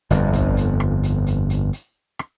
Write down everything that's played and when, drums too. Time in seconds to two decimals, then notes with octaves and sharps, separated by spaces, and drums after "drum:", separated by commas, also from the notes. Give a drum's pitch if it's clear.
0.10 G1 F2, drum: hi-hat
0.34 drum: kick, hi-hat
0.57 drum: hi-hat
0.80 drum: rim click
1.03 drum: hi-hat
1.26 drum: hi-hat
1.50 drum: hi-hat
1.73 drum: hi-hat
2.19 drum: rim click